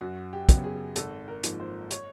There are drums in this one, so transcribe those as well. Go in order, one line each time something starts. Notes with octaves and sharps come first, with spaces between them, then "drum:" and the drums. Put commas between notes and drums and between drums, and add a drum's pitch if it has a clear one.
F#2 F#4
G4
C#3 F#3 B3, drum: kick, hi-hat
G#4
G#1 A4, drum: hi-hat
A#4
G#2 F3 A#3, drum: hi-hat
C5
C#5, drum: hi-hat